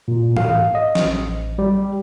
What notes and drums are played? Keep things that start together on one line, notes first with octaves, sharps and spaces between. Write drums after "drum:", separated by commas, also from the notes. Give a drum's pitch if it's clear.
A#2
F5, drum: tom
D#5
drum: snare
A1
G3